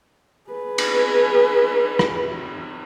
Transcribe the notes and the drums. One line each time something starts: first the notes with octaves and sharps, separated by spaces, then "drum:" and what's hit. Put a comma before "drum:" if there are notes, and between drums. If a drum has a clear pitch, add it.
G#4 B4
drum: cymbal
drum: rim click